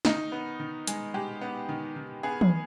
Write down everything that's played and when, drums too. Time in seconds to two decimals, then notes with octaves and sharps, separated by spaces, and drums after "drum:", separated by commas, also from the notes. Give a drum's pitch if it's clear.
0.05 D#3 D#4, drum: snare
0.32 B3
0.60 D#3
0.87 G#3, drum: hi-hat
1.14 G#3 G4
1.41 B3
1.69 D#3
1.96 D#3
2.23 B3 G#4
2.41 drum: tom